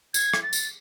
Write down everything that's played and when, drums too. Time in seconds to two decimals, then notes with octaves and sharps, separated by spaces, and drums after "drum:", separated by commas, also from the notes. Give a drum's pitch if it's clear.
0.14 G#6, drum: tambourine
0.34 drum: rim click
0.43 A6
0.53 drum: tambourine